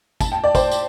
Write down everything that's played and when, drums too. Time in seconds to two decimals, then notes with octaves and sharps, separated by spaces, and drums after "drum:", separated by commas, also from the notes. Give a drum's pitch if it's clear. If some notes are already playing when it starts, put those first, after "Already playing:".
0.21 A5, drum: kick, tambourine
0.32 G5
0.44 D5
0.55 C5, drum: kick, tambourine
0.71 drum: tambourine